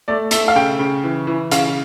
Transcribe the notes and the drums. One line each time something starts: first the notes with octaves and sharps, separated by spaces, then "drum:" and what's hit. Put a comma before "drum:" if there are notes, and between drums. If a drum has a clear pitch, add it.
A3 D5
A3 E5, drum: hi-hat
F5
C#3 G5
C#3
E3
E3
C#3 F5, drum: hi-hat